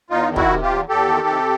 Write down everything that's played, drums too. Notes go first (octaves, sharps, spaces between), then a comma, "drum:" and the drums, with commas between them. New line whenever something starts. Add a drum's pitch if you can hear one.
E2 D#4 F4
D#3
E4 F#4, drum: kick
C3
F4 G4
E2
E2 G4 A4
D#3
C3